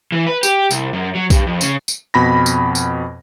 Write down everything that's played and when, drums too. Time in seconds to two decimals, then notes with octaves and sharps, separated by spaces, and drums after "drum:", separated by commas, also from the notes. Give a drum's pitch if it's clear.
0.12 E3
0.26 B4
0.43 G4, drum: tambourine
0.71 C2, drum: tambourine
0.93 F#2
1.15 F#3
1.30 G2, drum: kick B1, tambourine
1.47 F2
1.61 C#3, drum: tambourine
1.88 drum: tambourine
2.14 F2 B2 B5 A#6
2.46 drum: tambourine
2.75 drum: tambourine